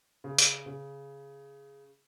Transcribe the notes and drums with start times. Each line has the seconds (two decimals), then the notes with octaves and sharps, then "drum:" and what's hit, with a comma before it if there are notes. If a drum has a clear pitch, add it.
0.24 C#3
0.38 drum: hi-hat
0.66 C#3